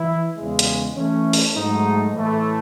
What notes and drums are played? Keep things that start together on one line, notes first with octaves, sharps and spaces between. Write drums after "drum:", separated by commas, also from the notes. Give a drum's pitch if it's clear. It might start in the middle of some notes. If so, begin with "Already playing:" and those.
Already playing: E3 E4
E2 C#3 G#3
drum: hi-hat
E3 A3 C#4
drum: open hi-hat
G#2 F#3 A3 D#4
A2 E3 A3